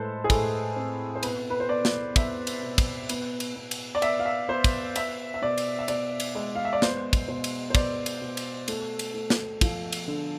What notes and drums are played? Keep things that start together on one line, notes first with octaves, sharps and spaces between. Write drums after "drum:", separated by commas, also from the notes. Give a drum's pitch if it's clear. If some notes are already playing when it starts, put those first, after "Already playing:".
Already playing: A2 G#3 A4 B4 C5
G#4
A2 A4, drum: kick, cymbal
C4
C5
B2 B4, drum: cymbal
B4
C5
B3 D5
drum: snare
B3 E5, drum: kick, cymbal
drum: cymbal
B2
drum: kick, cymbal
B3, drum: cymbal
drum: cymbal
B3
drum: cymbal
D5
B3 E5, drum: cymbal
F5
E5
B3 C5
drum: kick, cymbal
B3 E5, drum: cymbal
E5
B2 D5
drum: cymbal
E5
B2 D5, drum: cymbal
drum: cymbal
G#3
F5
E5
D5
B3 C5, drum: snare
drum: kick, cymbal
B2 C5
drum: cymbal
C5
B3 D5, drum: kick, cymbal
drum: cymbal
B2
drum: cymbal
A3, drum: cymbal
drum: cymbal
A3
drum: snare
F3, drum: kick, cymbal
drum: cymbal
D3